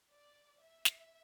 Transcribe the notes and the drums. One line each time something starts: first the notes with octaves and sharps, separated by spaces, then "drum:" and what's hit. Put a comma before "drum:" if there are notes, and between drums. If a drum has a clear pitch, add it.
D5
E5
drum: snare